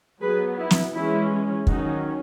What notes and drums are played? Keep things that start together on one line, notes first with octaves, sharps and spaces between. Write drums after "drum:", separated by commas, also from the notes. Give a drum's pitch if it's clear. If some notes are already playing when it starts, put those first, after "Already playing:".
F#3 B3 G#4 B4
E4
drum: snare
E3 G#3 C#4 E4
D#3 F#3 C#4 D#4 F#4, drum: kick